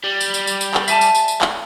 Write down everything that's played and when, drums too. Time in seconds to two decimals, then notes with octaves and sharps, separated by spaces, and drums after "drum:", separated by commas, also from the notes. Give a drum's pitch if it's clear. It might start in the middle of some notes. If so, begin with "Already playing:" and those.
0.04 G3
0.21 drum: tambourine
0.34 drum: tambourine
0.47 drum: tambourine
0.61 drum: tambourine
0.74 drum: clap
0.88 E5 G#5 A5, drum: tambourine
1.01 drum: tambourine
1.15 drum: tambourine
1.28 drum: tambourine
1.41 drum: clap